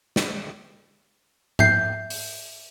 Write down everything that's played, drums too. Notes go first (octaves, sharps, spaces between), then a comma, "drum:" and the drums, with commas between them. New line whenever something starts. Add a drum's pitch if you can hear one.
drum: snare
E5 G6 C7, drum: tom G#2
drum: open hi-hat